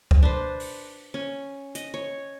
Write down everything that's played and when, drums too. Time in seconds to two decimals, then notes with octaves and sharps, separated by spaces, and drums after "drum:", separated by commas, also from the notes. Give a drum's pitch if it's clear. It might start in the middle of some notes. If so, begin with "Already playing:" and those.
0.11 drum: kick C#2
0.23 D4 B4 C5
0.60 drum: open hi-hat
1.14 C#4
1.75 D#5, drum: hi-hat
1.94 C#5